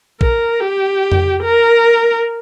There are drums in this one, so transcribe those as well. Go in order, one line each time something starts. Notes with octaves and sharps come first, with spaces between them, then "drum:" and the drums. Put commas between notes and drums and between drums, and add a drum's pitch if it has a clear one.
A#4, drum: kick
G4
drum: tom F2
A#4